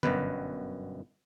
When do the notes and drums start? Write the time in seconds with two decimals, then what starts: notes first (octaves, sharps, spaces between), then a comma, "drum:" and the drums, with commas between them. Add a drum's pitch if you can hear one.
0.03 G1 F#2 B2 B4, drum: tom D3